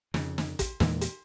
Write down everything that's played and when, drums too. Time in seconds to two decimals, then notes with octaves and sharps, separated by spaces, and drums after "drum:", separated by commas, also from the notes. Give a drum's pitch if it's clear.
0.14 F2 C#3, drum: snare
0.38 drum: snare
0.59 drum: kick, hi-hat
0.80 E2 A#2 E3 G#3, drum: snare
1.01 drum: hi-hat